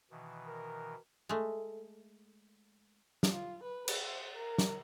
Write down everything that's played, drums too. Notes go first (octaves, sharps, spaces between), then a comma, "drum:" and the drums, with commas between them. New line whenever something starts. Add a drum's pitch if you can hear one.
B2 D#3 E3
A#4
G#3 A3
drum: snare
F4
B4
drum: cymbal
C5
A#4
drum: snare